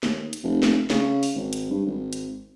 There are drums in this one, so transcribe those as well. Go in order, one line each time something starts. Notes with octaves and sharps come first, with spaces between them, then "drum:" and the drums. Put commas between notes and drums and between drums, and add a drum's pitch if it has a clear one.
D#2, drum: snare
drum: hi-hat
F1
drum: snare
C#3, drum: snare
drum: open hi-hat
G#1
drum: hi-hat
G2
G#1
drum: hi-hat